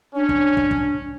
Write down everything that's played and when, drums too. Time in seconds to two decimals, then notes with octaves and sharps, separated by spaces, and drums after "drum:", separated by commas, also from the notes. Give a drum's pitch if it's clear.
0.15 C#4 D4
0.29 drum: kick
0.57 drum: kick
0.71 drum: kick